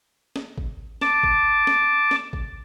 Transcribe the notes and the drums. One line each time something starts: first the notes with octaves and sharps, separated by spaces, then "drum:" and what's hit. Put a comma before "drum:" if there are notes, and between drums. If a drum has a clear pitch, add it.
drum: snare
drum: kick G#1
A5 D6, drum: snare
drum: kick G#1
drum: snare
drum: snare
drum: kick G#1